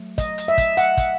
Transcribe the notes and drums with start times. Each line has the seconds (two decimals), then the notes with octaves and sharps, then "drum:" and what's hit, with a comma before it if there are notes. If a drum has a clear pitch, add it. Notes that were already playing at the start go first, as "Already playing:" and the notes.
Already playing: F#3 A3
0.18 D#5, drum: kick, hi-hat
0.38 drum: hi-hat
0.48 E5
0.58 drum: kick, hi-hat
0.77 F#5, drum: hi-hat
0.97 drum: kick, hi-hat